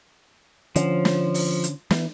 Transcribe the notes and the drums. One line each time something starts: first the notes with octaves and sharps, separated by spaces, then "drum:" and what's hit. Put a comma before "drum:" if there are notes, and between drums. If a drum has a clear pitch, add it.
D3 F3 C#4, drum: hi-hat
drum: snare
drum: open hi-hat
drum: hi-hat
E3 B3, drum: snare